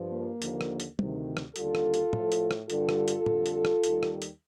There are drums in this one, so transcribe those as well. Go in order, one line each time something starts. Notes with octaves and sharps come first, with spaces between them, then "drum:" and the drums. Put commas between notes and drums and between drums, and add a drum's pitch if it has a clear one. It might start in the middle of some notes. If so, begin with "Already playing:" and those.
Already playing: G2 F3
A#3
D#2 D3 F3, drum: hi-hat
drum: rim click
drum: hi-hat
D2 C3 D#3, drum: tom
drum: rim click
D#2 D3 G3 F4 A4, drum: hi-hat
drum: rim click
drum: hi-hat
A2 F3, drum: tom
drum: hi-hat
drum: rim click
G2 D3 G3 F4 A4, drum: hi-hat
drum: rim click
drum: hi-hat
F2 D3 G3, drum: tom
drum: hi-hat
drum: rim click
D#2 D#3 G3, drum: hi-hat
drum: rim click
drum: hi-hat